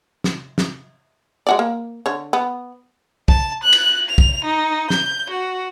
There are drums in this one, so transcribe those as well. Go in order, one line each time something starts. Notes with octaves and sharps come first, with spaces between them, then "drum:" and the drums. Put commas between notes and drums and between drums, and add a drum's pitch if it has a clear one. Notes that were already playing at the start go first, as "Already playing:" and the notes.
drum: snare
drum: snare
G#3 F#4 D5
A#3
D3 C#5
B3
A5, drum: kick
F#6
drum: cymbal
F7
drum: kick
D#4
G6, drum: snare
F#4